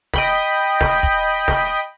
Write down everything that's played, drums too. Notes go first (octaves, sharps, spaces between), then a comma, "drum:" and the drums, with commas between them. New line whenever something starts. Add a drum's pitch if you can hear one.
D#5 G5 B5, drum: snare
drum: snare
drum: kick
drum: snare